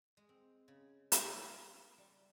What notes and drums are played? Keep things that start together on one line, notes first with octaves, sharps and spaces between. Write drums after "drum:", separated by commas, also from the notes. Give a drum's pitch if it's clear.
G#3
C4
C#3
drum: hi-hat
G3